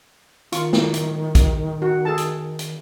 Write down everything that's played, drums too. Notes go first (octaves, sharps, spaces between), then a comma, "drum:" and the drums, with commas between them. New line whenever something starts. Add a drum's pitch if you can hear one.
D#3 F4 C#6, drum: hi-hat
drum: snare
drum: hi-hat
drum: kick, hi-hat
F#4
G#4 A4 A5
drum: hi-hat
drum: hi-hat